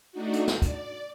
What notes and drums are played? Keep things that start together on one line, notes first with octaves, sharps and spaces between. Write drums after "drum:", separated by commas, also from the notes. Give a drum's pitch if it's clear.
A3 D4 D#4 F#4
drum: hi-hat
drum: snare
D5, drum: kick, hi-hat